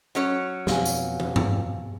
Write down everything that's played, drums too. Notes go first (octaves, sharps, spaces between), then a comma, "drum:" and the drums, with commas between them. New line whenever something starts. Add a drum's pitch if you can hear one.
F#3 C#4 C#5
F2 B2 G4 F5 G#5, drum: snare
drum: tambourine
drum: tom
drum: tom G2